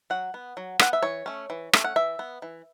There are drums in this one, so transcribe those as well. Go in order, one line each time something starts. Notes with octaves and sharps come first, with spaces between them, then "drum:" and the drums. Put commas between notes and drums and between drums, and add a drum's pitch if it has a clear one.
F#3 F#5
B3
F#3
B3 F#5, drum: rim click
E5
E3 C#5
A3 C#4
E3
A3 C#4, drum: rim click
F#5
E3 E5
B3
E3